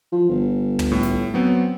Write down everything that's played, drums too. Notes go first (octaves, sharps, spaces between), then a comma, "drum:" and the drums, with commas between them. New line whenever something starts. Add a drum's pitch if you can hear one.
F3
G1
drum: tom
A2
drum: snare
F#3 B3 C4